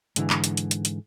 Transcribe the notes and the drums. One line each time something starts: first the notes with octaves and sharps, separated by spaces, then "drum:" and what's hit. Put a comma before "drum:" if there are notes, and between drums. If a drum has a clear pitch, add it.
G#2 D3 E3, drum: hi-hat
drum: clap
drum: hi-hat
drum: hi-hat
drum: hi-hat
drum: hi-hat